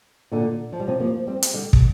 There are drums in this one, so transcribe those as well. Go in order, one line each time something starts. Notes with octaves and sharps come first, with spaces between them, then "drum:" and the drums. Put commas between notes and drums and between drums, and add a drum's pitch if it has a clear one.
A#2 D3
F3
G3
C3 F3
F3 A#3
G3 C4
drum: hi-hat
D3 G3
drum: kick